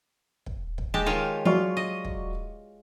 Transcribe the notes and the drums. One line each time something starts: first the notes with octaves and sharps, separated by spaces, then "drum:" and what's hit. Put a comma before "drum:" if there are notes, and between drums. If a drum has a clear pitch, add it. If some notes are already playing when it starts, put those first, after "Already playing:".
drum: kick
drum: kick
G#3 G4 A5
D#3 F4 C#5
F#3 F4 D5 C#6
D#5
drum: kick